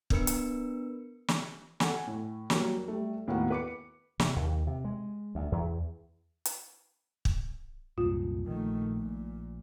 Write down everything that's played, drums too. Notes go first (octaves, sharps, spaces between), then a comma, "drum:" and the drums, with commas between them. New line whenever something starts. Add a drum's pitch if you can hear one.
B3 D4 A#4 B4 E6 C#7, drum: kick
drum: hi-hat
drum: snare
A4 F#5 G#5, drum: snare
A2
F#3 G3 A#3, drum: snare
G3 A3
D#2 A2 A#3 B3 F#4 F#5
B4 D6 C#7
C3, drum: snare
D#2
C3
G#3
D2
E2
drum: hi-hat
drum: kick
C2 F#2 A#2 F4
A#1 D#3 A3
A#2